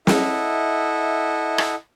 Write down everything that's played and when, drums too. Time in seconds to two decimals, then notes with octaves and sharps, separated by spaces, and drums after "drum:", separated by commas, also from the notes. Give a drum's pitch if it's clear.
0.07 E4 A4 D#5 E5 F#5, drum: snare
1.58 drum: rim click